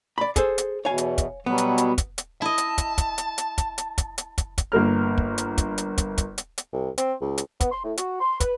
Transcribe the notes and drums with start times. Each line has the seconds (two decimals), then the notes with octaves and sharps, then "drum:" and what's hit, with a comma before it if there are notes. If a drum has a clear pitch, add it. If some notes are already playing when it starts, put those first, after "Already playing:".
0.18 D5 B5
0.36 G#4 A4 C5, drum: kick, hi-hat
0.58 drum: hi-hat
0.85 E2 B2 C#5 F5 G#5
0.98 drum: hi-hat
1.18 drum: kick, hi-hat
1.46 B2 F#3 G3 B3
1.58 drum: hi-hat
1.78 drum: hi-hat
1.98 drum: kick, hi-hat
2.18 drum: hi-hat
2.42 E4 D#5 A5
2.58 drum: hi-hat
2.78 drum: kick, hi-hat
2.98 drum: kick, hi-hat
3.18 drum: hi-hat
3.38 drum: hi-hat
3.58 drum: kick, hi-hat
3.78 drum: hi-hat
3.98 drum: kick, hi-hat
4.18 drum: hi-hat
4.38 drum: kick, hi-hat
4.58 drum: kick, hi-hat
4.72 G1 A#3 A#4 F6
5.18 drum: kick
5.38 drum: hi-hat
5.58 drum: kick, hi-hat
5.78 drum: hi-hat
5.98 drum: kick, hi-hat
6.18 drum: kick, hi-hat
6.38 drum: hi-hat
6.58 drum: hi-hat
6.73 C2
6.98 C4, drum: hi-hat
7.21 C#2
7.38 drum: hi-hat
7.60 B3, drum: kick, hi-hat
7.72 C6
7.84 A2
7.97 F#4, drum: hi-hat
8.21 C6
8.40 B4, drum: kick, hi-hat